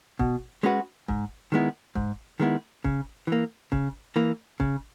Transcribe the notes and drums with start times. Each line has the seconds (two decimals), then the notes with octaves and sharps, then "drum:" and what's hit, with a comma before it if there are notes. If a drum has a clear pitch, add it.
0.19 B2, drum: kick
0.63 G#3 C#4 F#4 B4
1.08 G#2, drum: kick
1.52 D#3 G#3 B3 E4
1.95 G#2, drum: kick
2.40 D#3 G#3 B3 E4
2.84 C#3, drum: kick
3.27 E3 A#3
3.72 C#3, drum: kick
4.16 E3 A#3
4.60 C#3, drum: kick